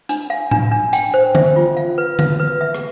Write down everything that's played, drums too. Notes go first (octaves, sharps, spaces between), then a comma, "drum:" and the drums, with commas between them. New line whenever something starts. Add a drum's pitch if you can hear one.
D4, drum: hi-hat
F5
D4, drum: tom A2
D4
G5, drum: hi-hat
C5
E5, drum: tom D3
F4
F5
B4
F5, drum: tom D3
B4
E5
drum: rim click